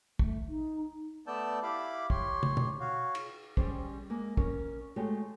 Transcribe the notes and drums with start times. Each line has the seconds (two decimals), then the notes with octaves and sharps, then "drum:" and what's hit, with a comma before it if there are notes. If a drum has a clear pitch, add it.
0.19 A3, drum: kick
0.48 D#4
1.27 A3 B3 D5 A5 E6 G6
1.63 E4 G4 F5 B5 D6
2.10 G4 C#5 C6, drum: kick
2.43 drum: tom
2.57 drum: tom
2.80 F#4 C#5 F5
3.15 drum: cymbal
3.57 G3 C#4 G4 G#4 C5, drum: kick
4.10 G#3 A#3
4.37 C#4 A#4, drum: kick
4.96 G#3 A3 F#4 G4 C#5